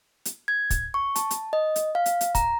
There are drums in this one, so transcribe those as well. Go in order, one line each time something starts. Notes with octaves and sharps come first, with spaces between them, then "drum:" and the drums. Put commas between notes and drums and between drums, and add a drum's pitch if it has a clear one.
drum: hi-hat
G#6
drum: kick, hi-hat
C#6
A5, drum: hi-hat
drum: hi-hat
D#5
drum: hi-hat
F5
drum: hi-hat
drum: hi-hat
A#5, drum: kick, hi-hat